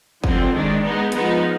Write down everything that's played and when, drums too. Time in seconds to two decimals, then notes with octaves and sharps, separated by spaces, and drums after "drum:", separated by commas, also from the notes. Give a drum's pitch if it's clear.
0.24 D3 F3 C4, drum: kick
0.53 D#3 G#3 D4
0.83 G#3 B3 D#4
1.12 F3 G#3 B3 D#4, drum: hi-hat